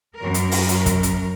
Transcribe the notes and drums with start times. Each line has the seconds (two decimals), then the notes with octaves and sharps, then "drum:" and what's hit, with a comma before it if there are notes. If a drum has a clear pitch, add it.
0.17 F#2 A#4
0.34 drum: hi-hat
0.51 drum: open hi-hat
0.69 drum: hi-hat
0.86 drum: kick, hi-hat
1.03 drum: hi-hat